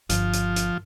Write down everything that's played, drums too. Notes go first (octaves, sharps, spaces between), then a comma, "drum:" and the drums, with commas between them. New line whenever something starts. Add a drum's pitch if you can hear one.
G1 F3, drum: hi-hat
drum: hi-hat
drum: hi-hat